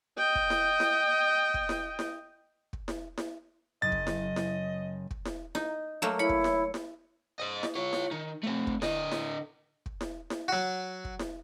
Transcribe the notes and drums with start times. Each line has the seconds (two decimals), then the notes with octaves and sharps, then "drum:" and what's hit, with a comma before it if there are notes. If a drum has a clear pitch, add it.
0.17 D#5 G5
0.35 drum: kick
0.50 drum: snare E4
0.80 drum: snare E4
1.54 drum: kick
1.69 drum: snare E4
1.99 drum: snare E4
2.73 drum: kick
2.88 drum: snare E4
3.18 drum: snare E4
3.82 F#1 C#4 D#5 A6
3.92 drum: kick
4.07 drum: snare E4
4.36 drum: snare E4
5.11 drum: kick
5.25 drum: snare E4
5.55 D#4, drum: snare E4
6.02 F#3 A3 A#3
6.19 E4 C#5 B5
6.29 drum: kick
6.44 drum: snare E4
6.74 drum: snare E4
7.40 C5 D#5
7.63 drum: snare E4
7.75 F4 C#5
7.93 drum: snare E4
8.11 D#3
8.43 A3 C4
8.67 drum: kick
8.82 D3 D#5, drum: snare E4
9.11 drum: snare E4
9.86 drum: kick
10.01 drum: snare E4
10.30 drum: snare E4
10.48 F#3 F#4
11.05 drum: kick
11.19 drum: snare E4